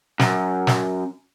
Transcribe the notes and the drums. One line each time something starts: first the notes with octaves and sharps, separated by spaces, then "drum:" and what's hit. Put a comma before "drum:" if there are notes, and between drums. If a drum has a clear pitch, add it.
F#2, drum: snare
drum: snare